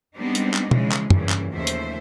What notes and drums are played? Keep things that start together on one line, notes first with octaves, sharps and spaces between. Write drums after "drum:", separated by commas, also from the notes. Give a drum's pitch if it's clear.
G3 G#3 B3 C4 D4 D#4
drum: hi-hat
drum: clap
C#3 E3 F3 G#3, drum: tom B2
drum: clap
G2 A#2 C#3 E3, drum: tom
drum: clap
D#2 C#3 F3 A3 C5 E5
drum: hi-hat